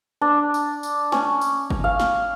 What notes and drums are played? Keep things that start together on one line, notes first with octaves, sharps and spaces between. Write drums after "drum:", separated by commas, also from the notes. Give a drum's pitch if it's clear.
D4
drum: tambourine
drum: tambourine
C#4, drum: snare
drum: tambourine
drum: kick G1
F5
drum: snare